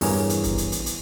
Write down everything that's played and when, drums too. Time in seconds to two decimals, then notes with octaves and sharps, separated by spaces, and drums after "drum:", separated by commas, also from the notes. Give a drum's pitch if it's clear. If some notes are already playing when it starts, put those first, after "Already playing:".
0.01 E2 G2 G#4 A#4 C#5, drum: open hi-hat
0.29 drum: hi-hat
0.44 drum: kick, hi-hat
0.58 drum: hi-hat
0.72 drum: hi-hat
0.86 drum: hi-hat